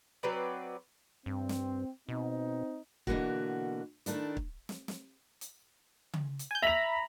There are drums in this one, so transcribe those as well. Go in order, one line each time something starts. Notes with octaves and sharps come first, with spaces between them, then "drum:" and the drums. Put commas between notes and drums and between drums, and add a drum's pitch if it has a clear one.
F#3 C4 B4 D5
G2 C4
drum: snare
B2 C4 D#4
B2 D3 E3 G#3 A#3 F#4, drum: kick
D#3 A3 D4 E4, drum: hi-hat
drum: kick
drum: snare
drum: snare
drum: hi-hat
drum: tom C#3
drum: hi-hat
G#5 G6
E5 A#5 B5 F7